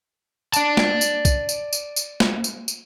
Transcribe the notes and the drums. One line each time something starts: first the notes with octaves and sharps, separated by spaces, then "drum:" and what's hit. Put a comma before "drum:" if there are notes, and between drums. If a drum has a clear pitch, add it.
D5 A5, drum: tambourine
drum: snare
drum: tambourine
drum: kick, tambourine
drum: tambourine
drum: tambourine
drum: tambourine
drum: snare
drum: tambourine
drum: tambourine